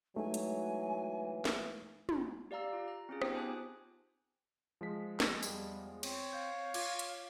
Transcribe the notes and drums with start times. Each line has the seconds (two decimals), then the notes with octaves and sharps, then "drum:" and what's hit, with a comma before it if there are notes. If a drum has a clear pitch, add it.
0.16 E3 F#3 G#3 A3 D#4 G#5
0.34 drum: hi-hat
1.45 drum: snare
2.09 drum: tom
2.51 G4 D5 F5 A#5 E6
2.73 F4
2.88 A#5
3.09 C4 C#4 F4 G#4
3.22 B3 C4 D#4 G4 G5 D#6, drum: rim click
3.35 C5 G#5 A5 D6 F#6
4.81 F3 G#3 B6
5.20 drum: snare
5.43 E2 G3, drum: tambourine
6.03 C4 C#5, drum: cymbal
6.33 F5 G6
6.74 F4 D6 G#6, drum: cymbal
6.99 drum: hi-hat